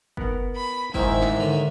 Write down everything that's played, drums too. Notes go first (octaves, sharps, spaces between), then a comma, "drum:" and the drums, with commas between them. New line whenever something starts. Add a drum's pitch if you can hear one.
B3 A#4 F#5, drum: kick F#1
B5
G#2 D#3 C4 E4 E5, drum: kick F#1
drum: snare
D#2 D3